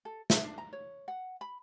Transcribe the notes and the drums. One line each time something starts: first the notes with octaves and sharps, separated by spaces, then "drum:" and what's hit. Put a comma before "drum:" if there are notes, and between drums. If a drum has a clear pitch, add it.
A4
E5, drum: snare
D4
A#5
C#5
F#5
B5